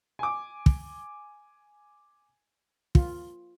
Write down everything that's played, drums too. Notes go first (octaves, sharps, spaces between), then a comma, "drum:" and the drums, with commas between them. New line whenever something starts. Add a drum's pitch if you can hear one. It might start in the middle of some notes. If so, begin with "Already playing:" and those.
G#5 D6
drum: kick
F4, drum: kick